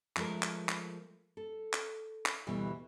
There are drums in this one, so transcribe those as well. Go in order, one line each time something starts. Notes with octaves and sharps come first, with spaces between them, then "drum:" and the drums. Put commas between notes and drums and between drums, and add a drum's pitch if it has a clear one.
F3 G#3 A3 A#4, drum: clap
drum: clap
drum: clap
A4
drum: clap
drum: clap
D2 B2 E3 G3